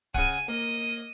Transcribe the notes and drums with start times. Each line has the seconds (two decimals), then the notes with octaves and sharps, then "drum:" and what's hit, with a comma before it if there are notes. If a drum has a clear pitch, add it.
0.14 C#3 F#5 G#5 D#7, drum: kick
0.48 A#3 D#5